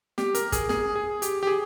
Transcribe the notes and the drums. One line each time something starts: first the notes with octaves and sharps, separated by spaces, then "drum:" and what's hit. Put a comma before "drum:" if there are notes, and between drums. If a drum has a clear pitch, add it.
G4, drum: snare
A#4, drum: hi-hat
G#4, drum: kick, hi-hat
G#4, drum: snare
G#4
G4, drum: hi-hat
G4
G#4